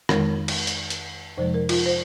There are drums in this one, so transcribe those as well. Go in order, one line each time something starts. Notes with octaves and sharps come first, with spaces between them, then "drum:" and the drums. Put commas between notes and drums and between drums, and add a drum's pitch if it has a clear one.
F2 D#3 G#3 A#4, drum: rim click
drum: cymbal
drum: hi-hat
drum: hi-hat
F2 C3 F3 G#3 C5
A#4
F4, drum: cymbal
C5